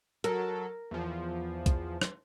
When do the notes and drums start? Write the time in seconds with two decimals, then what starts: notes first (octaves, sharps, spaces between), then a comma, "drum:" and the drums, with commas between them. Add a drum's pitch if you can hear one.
0.24 F#3 A4 A#4, drum: hi-hat
0.91 E2 F3
1.66 drum: kick B1, hi-hat
2.02 drum: rim click